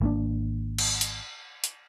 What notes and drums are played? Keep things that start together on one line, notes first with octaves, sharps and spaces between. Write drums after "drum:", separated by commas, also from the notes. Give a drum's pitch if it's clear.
G#1 A#3 C4 D4
drum: cymbal
drum: hi-hat
drum: hi-hat